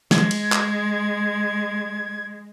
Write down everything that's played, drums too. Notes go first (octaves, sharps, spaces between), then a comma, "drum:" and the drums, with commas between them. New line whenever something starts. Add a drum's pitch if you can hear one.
G#3 G#6, drum: snare
drum: cymbal
drum: clap